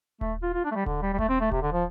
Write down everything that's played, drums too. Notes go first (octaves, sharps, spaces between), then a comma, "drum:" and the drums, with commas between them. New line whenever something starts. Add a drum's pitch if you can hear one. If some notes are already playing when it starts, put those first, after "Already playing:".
A3, drum: kick D#1
F4
F4
D4
A3
G3
D3, drum: kick D#1
G3
G3
A3, drum: kick D#1
C4
A3
C3, drum: kick D#1
D3
F3